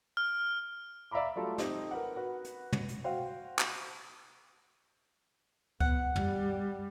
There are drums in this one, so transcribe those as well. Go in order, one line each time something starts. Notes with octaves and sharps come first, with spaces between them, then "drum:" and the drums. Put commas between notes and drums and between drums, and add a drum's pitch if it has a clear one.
F6
D5 E5 F5 A#5 B5 D6
F#3 G3 A3 F4 A4
C4 D#4 G4, drum: snare
A#4 B4 F#5
F#4 B4
drum: hi-hat
drum: tom
drum: hi-hat
F#4 C5 F5 G5
drum: clap
B3 F#5, drum: kick C#2
G3, drum: tom